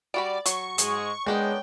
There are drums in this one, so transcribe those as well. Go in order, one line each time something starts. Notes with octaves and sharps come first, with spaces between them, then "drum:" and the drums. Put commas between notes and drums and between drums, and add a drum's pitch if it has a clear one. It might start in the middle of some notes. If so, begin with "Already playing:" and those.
G3 F#4 D5 B5
F#3 C#6, drum: hi-hat
G#2 G#3 G#4, drum: hi-hat
G#3 B3 D4 A#4 C#5 G5